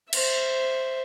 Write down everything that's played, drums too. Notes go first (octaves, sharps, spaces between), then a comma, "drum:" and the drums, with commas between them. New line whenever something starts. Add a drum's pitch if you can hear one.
C5 E5, drum: cymbal